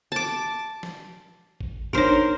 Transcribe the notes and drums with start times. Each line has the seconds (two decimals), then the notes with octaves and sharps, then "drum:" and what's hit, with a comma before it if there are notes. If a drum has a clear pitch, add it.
0.12 A5 D6
0.83 drum: snare
1.61 drum: kick G#1
1.93 D4 D#4 A#4 C5 C#5, drum: kick G#1